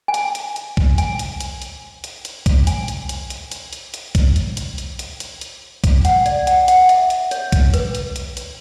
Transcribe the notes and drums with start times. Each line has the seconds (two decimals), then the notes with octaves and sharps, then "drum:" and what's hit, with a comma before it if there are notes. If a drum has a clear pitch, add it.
0.08 G#5
0.14 A5, drum: hi-hat
0.35 drum: hi-hat
0.56 drum: hi-hat
0.77 drum: kick B1
0.98 G#5, drum: hi-hat
1.19 drum: hi-hat
1.41 drum: hi-hat
1.62 drum: hi-hat
2.04 drum: hi-hat
2.25 drum: hi-hat
2.46 drum: kick B1, hi-hat
2.67 G#5, drum: hi-hat
2.88 drum: hi-hat
3.09 drum: hi-hat
3.30 drum: hi-hat
3.52 drum: hi-hat
3.73 drum: hi-hat
3.94 drum: hi-hat
4.15 drum: kick B1, hi-hat
4.36 drum: hi-hat
4.57 drum: hi-hat
4.78 drum: hi-hat
4.99 drum: hi-hat
5.20 drum: hi-hat
5.41 drum: hi-hat
5.84 drum: kick B1, hi-hat
6.05 F#5, drum: hi-hat
6.26 D5, drum: hi-hat
6.47 F#5, drum: hi-hat
6.68 F#5, drum: hi-hat
6.82 F#5
6.89 E5, drum: hi-hat
7.10 drum: hi-hat
7.31 C#5, drum: hi-hat
7.52 drum: kick B1, hi-hat
7.74 B4, drum: hi-hat
7.95 drum: hi-hat
8.16 drum: hi-hat
8.37 drum: hi-hat